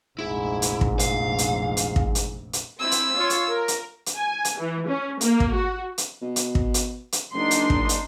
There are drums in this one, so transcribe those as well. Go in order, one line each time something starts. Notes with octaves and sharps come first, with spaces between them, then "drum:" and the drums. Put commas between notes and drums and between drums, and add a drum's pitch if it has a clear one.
F1 A#1 G#2 E4
drum: hi-hat
drum: kick
F5, drum: hi-hat
drum: hi-hat
drum: hi-hat
drum: kick
drum: hi-hat
drum: hi-hat
C4 E4 E6
drum: hi-hat
F4 C#5
drum: hi-hat
A#4
drum: hi-hat
drum: hi-hat
G#5
drum: hi-hat
E3
C#4
A#3, drum: hi-hat
drum: kick
F#4
drum: hi-hat
B2
drum: hi-hat
drum: kick
drum: hi-hat
drum: hi-hat
F#1 D4 D#4 C6
drum: hi-hat
drum: kick
drum: hi-hat